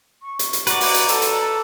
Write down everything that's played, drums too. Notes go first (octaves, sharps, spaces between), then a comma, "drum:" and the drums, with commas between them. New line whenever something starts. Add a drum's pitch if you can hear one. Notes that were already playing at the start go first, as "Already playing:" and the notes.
C#6
drum: hi-hat
drum: hi-hat
F#4 B4 D5 A#5, drum: hi-hat
drum: open hi-hat
drum: hi-hat
A4, drum: hi-hat
drum: hi-hat